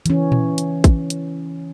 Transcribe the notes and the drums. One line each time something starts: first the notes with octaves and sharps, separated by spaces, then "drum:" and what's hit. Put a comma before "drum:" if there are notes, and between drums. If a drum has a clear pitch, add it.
E3 C#4, drum: hi-hat
drum: tom A#2
drum: hi-hat
drum: kick, hi-hat
drum: hi-hat